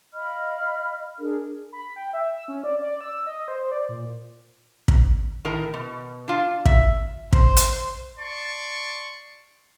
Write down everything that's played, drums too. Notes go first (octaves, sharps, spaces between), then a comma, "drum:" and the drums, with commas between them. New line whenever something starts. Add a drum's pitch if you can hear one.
D#5 F5 B5 F6
D4 G#4 A#4
B5
G5
E5
E6
C#4
D5
D5
E6
D#5
C5
D5
A#2
drum: kick
A2 D#3 A#4 A#5
B2
D4 F4
E5, drum: kick
C5, drum: kick
drum: hi-hat
D5 A5 C6 C#6